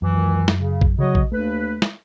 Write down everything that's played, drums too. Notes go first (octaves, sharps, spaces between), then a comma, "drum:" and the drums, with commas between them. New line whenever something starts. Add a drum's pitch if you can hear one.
C#2 F#2 D#3 E3
drum: snare
C#3
drum: kick A#1
C#3 F#3 F#4 C#5 D#5
drum: kick A#1
D#2 A3 D4 B4
drum: snare